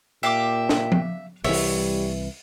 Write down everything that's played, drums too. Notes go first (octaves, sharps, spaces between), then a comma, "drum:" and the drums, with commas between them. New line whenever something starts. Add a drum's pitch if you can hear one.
A#2 G4 E5 F5 D6
drum: snare
drum: tom F3
C2 E3 G3 C#5 E5, drum: open hi-hat